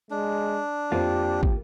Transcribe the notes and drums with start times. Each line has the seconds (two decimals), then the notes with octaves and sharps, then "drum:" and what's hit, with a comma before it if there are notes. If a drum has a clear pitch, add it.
0.11 G#3 D4
0.92 F2 A#3 C4 F4 G4 C5
1.43 drum: kick